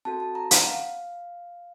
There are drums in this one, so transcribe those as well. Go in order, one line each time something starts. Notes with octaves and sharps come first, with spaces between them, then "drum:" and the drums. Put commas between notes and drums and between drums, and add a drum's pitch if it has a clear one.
C4 F#4 A4 A5
A5
A#5
F#5, drum: hi-hat
F5